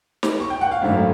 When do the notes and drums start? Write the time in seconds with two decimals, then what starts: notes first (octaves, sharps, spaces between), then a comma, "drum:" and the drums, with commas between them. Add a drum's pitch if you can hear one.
0.23 drum: snare
0.40 C#6
0.50 G5
0.61 F#5
0.71 F5
0.82 G#1 F#2 D3 F#3 A3